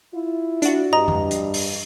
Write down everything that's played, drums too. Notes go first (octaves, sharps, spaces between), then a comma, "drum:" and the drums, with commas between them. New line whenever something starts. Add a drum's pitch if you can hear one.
E4 F4
D4 F#4, drum: hi-hat
G2 D#5 A#5
drum: tom F2
drum: hi-hat
drum: open hi-hat